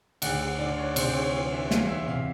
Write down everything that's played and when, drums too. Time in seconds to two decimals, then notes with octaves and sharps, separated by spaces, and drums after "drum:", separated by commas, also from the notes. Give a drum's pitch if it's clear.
0.22 D2 F#5, drum: cymbal
0.59 D3 D5
0.78 C#5
0.96 C3 C5, drum: cymbal
1.15 C#5
1.33 E3
1.52 E5
1.71 E2 F5, drum: snare
1.89 E5
2.07 C3 F5